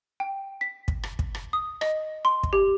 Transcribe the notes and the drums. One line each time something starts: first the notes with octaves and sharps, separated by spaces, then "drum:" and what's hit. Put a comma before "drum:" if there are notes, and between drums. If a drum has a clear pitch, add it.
G5
B6
drum: kick
drum: rim click
drum: kick
drum: rim click
D#6
D#5, drum: rim click
C6
drum: kick
G4